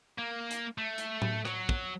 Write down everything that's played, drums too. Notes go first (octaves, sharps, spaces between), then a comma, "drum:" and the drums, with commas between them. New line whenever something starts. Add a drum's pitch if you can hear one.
A#3
drum: hi-hat
A3
drum: hi-hat
drum: tom A2
F#3, drum: rim click
drum: kick